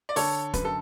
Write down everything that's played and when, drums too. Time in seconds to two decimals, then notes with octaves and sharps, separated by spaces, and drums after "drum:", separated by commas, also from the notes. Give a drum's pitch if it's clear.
0.09 D5
0.16 D3 A4 C#5, drum: open hi-hat
0.53 F#2 B4, drum: kick, hi-hat
0.65 A4